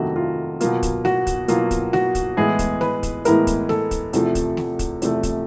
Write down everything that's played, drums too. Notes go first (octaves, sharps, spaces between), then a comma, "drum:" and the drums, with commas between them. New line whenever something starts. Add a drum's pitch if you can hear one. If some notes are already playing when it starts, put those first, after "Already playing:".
Already playing: F2 C3 D#3 F#3 A3 F#4
F4
B2 F#3 A#3 F4, drum: hi-hat
drum: kick, hi-hat
F#4, drum: snare A3
drum: kick, hi-hat
B2 F#3 A#3 F4, drum: hi-hat
drum: kick, hi-hat
F#4, drum: snare A3
drum: kick, hi-hat
A2 E3 G#3 B3 G#4
drum: kick, hi-hat
B4, drum: snare A3
drum: kick, hi-hat
A2 E3 G#3 B3 A#4, drum: hi-hat
drum: kick, hi-hat
A4, drum: snare A3
drum: kick, hi-hat
E2 C3 F3 A3, drum: hi-hat
drum: kick, hi-hat
drum: snare A3
drum: kick, hi-hat
E2 C3 F3 A3, drum: hi-hat
drum: kick, hi-hat